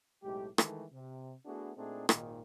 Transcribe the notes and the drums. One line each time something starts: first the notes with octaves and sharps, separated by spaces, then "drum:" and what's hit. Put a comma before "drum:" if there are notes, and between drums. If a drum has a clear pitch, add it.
B1 A2 G#3 G4
D#3 E3 G#3 A3, drum: rim click
C3
A3 B3 D4 E4 F#4 G#4
A#2 A3 C4 D4 D#4 G#4
G#1 A#2 D#3, drum: rim click